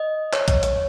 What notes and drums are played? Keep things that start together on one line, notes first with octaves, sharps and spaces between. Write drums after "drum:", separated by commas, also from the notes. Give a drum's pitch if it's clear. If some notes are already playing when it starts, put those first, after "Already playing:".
Already playing: D#5
C#5, drum: clap
drum: kick A#1, hi-hat
drum: hi-hat